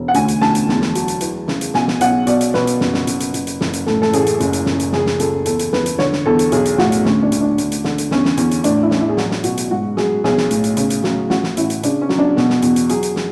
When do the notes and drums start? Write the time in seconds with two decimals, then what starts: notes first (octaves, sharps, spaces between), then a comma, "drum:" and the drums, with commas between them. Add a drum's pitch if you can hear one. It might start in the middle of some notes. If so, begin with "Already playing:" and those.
Already playing: E1
0.08 F#5
0.14 D2 G#5, drum: hi-hat
0.28 drum: hi-hat
0.41 D2 A5, drum: snare
0.55 drum: hi-hat
0.69 E2, drum: snare
0.81 drum: snare
0.95 F#3, drum: hi-hat
1.08 drum: hi-hat
1.21 E3, drum: hi-hat
1.48 C#3, drum: snare
1.61 drum: hi-hat
1.74 B2 G#5, drum: snare
1.88 drum: snare
2.01 B1 F#5, drum: hi-hat
2.27 B2 D5, drum: hi-hat
2.41 drum: hi-hat
2.54 B2 B4, drum: snare
2.67 drum: hi-hat
2.80 F#1, drum: snare
2.94 drum: snare
3.07 F#1, drum: hi-hat
3.20 drum: hi-hat
3.34 F#1, drum: hi-hat
3.47 drum: hi-hat
3.61 F#1, drum: snare
3.73 drum: hi-hat
3.87 A2 A4, drum: snare
4.02 A4, drum: snare
4.13 A1 G#4, drum: hi-hat
4.27 drum: hi-hat
4.40 F#1, drum: hi-hat
4.53 drum: hi-hat
4.66 F#1, drum: snare
4.80 drum: hi-hat
4.92 C#2 G#4, drum: snare
5.06 drum: snare
5.20 C#2 A4, drum: hi-hat
5.46 E2 A4, drum: hi-hat
5.59 drum: hi-hat
5.73 E2 B4, drum: snare
5.86 drum: hi-hat
5.98 D3 C#5, drum: snare
6.12 drum: snare
6.26 E2 A4
6.39 drum: hi-hat
6.52 B1 G#4, drum: hi-hat
6.65 drum: hi-hat
6.78 A2 F#4, drum: snare
6.92 drum: hi-hat
7.05 D2 C#4, drum: snare
7.22 D4
7.32 D2, drum: hi-hat
7.41 D4
7.58 D2, drum: hi-hat
7.72 drum: hi-hat
7.84 D3, drum: snare
7.98 drum: hi-hat
8.11 E2 C#4, drum: snare
8.25 drum: snare
8.37 E2, drum: hi-hat
8.51 drum: hi-hat
8.64 A2 D4, drum: hi-hat
8.83 E4
8.91 A1, drum: snare
9.00 E4
9.09 G#4
9.17 F#3 F#4, drum: snare
9.31 drum: snare
9.44 B2 F#4, drum: hi-hat
9.57 drum: hi-hat
9.71 G#2 F#4
9.97 F#3 G#4, drum: snare
10.24 B1 G#4, drum: snare
10.37 drum: snare
10.51 A2, drum: hi-hat
10.64 drum: hi-hat
10.77 C#3, drum: hi-hat
10.90 drum: hi-hat
11.04 F#3, drum: snare
11.30 A1 F#4, drum: snare
11.43 drum: snare
11.57 A1 E4, drum: hi-hat
11.70 drum: hi-hat
11.83 C#3 D4, drum: hi-hat
12.01 C#4
12.09 F#3, drum: snare
12.18 D4
12.37 B2, drum: snare
12.50 drum: snare
12.62 E2, drum: hi-hat
12.76 drum: hi-hat
12.89 F#3 G#4, drum: hi-hat
13.03 drum: hi-hat
13.16 drum: snare